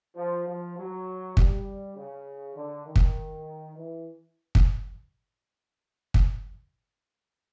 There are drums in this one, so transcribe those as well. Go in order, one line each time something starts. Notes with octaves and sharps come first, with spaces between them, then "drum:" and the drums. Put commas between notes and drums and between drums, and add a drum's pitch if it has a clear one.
F3
F3
F#3
G3, drum: kick
C#3
D3
D#3
drum: kick
E3
drum: kick
drum: kick